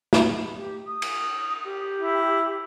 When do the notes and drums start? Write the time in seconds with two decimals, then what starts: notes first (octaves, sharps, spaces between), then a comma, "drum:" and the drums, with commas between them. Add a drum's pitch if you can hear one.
0.13 drum: snare
0.56 G4
0.86 D#6
1.02 drum: cymbal
1.64 G4
1.99 E4